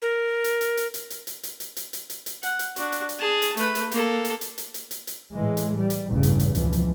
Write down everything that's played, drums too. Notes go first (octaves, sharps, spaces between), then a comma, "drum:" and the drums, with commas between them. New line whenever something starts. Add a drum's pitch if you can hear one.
A#4
drum: hi-hat
drum: hi-hat
drum: hi-hat
drum: hi-hat
drum: hi-hat
drum: hi-hat
drum: hi-hat
drum: hi-hat
drum: hi-hat
drum: hi-hat
drum: hi-hat
drum: hi-hat
F#5, drum: hi-hat
drum: hi-hat
D4 F#4, drum: hi-hat
drum: hi-hat
drum: hi-hat
G#4 A5
drum: hi-hat
A3 B4, drum: hi-hat
drum: hi-hat
A#3 A4, drum: hi-hat
drum: hi-hat
drum: hi-hat
drum: hi-hat
drum: hi-hat
drum: hi-hat
drum: hi-hat
A2 E3 G#3
drum: hi-hat
G3
drum: hi-hat
A1 E2 G2 C#3
drum: hi-hat
drum: hi-hat
C#2 B2 E3 F3, drum: hi-hat
drum: hi-hat